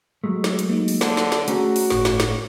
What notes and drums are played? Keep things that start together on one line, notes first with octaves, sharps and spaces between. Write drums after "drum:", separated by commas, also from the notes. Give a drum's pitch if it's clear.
F#3 G#3 A3
drum: snare
drum: hi-hat
A#3 D#4
drum: open hi-hat
D3 C5, drum: snare
drum: snare
drum: snare
A3 C#4 F#4 G#4 A#5, drum: hi-hat
drum: open hi-hat
G1 A2 C#6, drum: snare
drum: snare
drum: snare